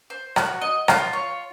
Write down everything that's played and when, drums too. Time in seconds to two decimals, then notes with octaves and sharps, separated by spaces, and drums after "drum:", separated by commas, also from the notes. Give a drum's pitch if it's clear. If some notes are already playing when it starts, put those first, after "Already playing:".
0.10 C5
0.36 F#4, drum: rim click
0.61 D#5
0.88 F4, drum: rim click
1.13 C#5